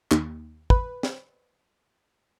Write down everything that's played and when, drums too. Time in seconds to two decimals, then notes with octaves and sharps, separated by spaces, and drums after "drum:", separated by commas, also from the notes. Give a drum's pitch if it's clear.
0.11 D#2, drum: clap
0.70 B4, drum: kick
1.03 drum: snare